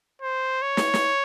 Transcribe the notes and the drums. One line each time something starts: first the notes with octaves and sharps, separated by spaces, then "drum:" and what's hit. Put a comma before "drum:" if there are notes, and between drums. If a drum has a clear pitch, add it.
C5
C#5
drum: snare
drum: snare